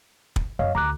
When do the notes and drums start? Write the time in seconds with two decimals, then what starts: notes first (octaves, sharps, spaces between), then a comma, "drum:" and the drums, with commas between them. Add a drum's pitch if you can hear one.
0.36 drum: kick
0.59 F#2 A#3 C#5 D#5 F5
0.75 D2 A#5 D6 F#6